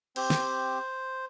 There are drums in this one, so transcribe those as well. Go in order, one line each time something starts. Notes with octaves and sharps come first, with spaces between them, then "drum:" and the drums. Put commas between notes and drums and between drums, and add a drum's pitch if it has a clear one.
C4 G4 C5, drum: cymbal
drum: snare